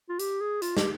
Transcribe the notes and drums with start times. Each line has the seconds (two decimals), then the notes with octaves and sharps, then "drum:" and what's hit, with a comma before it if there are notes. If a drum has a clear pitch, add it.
0.09 F4
0.19 G4, drum: hi-hat
0.40 G#4
0.62 F4, drum: hi-hat
0.77 G4, drum: snare